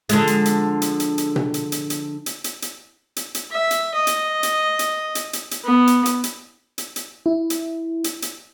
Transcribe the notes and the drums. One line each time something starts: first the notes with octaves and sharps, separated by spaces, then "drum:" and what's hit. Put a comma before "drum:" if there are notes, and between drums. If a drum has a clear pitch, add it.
D3 F3 G#3, drum: hi-hat
drum: hi-hat
drum: hi-hat
drum: hi-hat
drum: hi-hat
drum: hi-hat
drum: tom B2
drum: hi-hat
drum: hi-hat
drum: hi-hat
drum: hi-hat
drum: hi-hat
drum: hi-hat
drum: hi-hat
drum: hi-hat
E5
drum: hi-hat
D#5
drum: hi-hat
drum: hi-hat
drum: hi-hat
drum: hi-hat
drum: hi-hat
drum: hi-hat
B3
drum: hi-hat
drum: hi-hat
drum: hi-hat
drum: hi-hat
drum: hi-hat
E4
drum: hi-hat
drum: hi-hat
drum: hi-hat